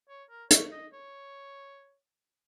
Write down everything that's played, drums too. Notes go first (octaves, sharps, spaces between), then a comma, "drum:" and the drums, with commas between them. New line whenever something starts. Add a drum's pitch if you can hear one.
C#5
A#4
C#5, drum: hi-hat
D#5
C#5